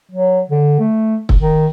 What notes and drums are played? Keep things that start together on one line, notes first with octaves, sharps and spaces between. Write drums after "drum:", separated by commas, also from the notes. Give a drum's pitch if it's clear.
F#3
D3
A3
drum: kick
D#3